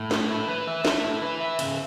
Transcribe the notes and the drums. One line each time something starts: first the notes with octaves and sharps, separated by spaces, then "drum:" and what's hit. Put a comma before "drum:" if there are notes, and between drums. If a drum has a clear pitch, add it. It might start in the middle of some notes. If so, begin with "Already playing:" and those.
Already playing: A2
A3, drum: snare
E4
B4
E5
A3, drum: snare
E4
B4
E5
C#3, drum: cymbal